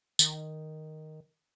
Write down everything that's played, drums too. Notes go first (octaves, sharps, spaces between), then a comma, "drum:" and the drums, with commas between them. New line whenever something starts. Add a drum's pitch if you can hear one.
D#3, drum: tambourine